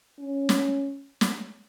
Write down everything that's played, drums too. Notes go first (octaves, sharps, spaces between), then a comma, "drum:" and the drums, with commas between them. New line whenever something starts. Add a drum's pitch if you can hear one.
C#4
drum: snare
drum: snare